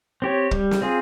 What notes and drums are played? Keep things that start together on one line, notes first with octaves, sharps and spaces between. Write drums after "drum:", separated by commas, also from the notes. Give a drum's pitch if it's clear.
C4 G4 C#5
G3, drum: kick
drum: snare
C4 F4 G#4